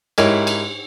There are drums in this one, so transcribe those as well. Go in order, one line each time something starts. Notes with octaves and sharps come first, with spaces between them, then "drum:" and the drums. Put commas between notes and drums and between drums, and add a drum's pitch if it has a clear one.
G#2 E4 G4 A#4 C#5 D#5, drum: cymbal
drum: cymbal